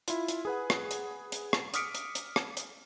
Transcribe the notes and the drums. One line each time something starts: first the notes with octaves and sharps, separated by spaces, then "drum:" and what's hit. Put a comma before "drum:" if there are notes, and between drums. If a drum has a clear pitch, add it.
E4 F4, drum: hi-hat
drum: hi-hat
G#4 B4 F#5
drum: rim click
drum: hi-hat
drum: hi-hat
drum: rim click
D6 D#6 F6 B6 C#7 D7, drum: hi-hat
drum: hi-hat
drum: hi-hat
drum: rim click
drum: hi-hat